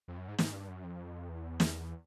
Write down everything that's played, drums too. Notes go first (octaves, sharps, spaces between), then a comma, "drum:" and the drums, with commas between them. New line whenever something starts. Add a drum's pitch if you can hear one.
F2
F#2
G#2
G#2, drum: snare
G2
F#2
F2
E2
drum: snare